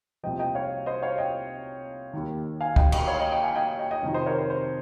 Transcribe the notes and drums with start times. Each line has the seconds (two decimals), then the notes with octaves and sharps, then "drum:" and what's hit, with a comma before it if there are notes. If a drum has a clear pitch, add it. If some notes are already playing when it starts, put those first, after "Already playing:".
0.23 C2 A#2 F3 D#5 G5
0.39 D#5 G5
0.55 C#5 F5
0.86 C5 D#5
1.03 C#5 F5
1.18 D#5 G5
2.13 D#2 D#3
2.61 F5 G#5
2.76 D#5 G5, drum: kick C#2
2.92 D#5 G5, drum: cymbal
3.08 C#5 F5
3.20 D#5 G5
3.31 D#5 G5
3.43 F5 G#5
3.55 D#5 G5
3.79 D#5 G5
3.91 D#5 G5
4.03 F2 C3 D#3
4.14 C5 D#5
4.26 A#4 C#5
4.38 C5
4.50 C5